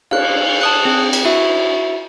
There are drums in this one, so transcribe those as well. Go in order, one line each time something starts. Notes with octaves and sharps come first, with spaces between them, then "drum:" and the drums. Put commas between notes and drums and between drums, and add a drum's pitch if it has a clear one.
F5 F#6, drum: cymbal
A5 D#6 F#6
C4 G#4
drum: cymbal
E4 F#4 E5